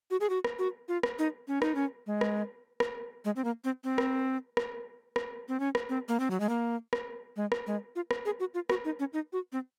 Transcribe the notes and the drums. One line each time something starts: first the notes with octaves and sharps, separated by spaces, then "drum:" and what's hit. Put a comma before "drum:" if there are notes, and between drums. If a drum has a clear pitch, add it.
F#4
G#4
F#4
drum: rim click
F#4
F4
drum: rim click
D#4
C#4
D#4, drum: rim click
C#4
G#3
drum: rim click
drum: rim click
G#3
C4
A#3
C4
C4
drum: rim click
drum: rim click
drum: rim click
C4
C#4
drum: rim click
C4
A#3
C4
F#3
G#3
A#3
drum: rim click
G#3
drum: rim click
G#3
F4
drum: rim click
G#4
F#4
F4
F#4, drum: rim click
D#4
C#4
D#4
F#4
C4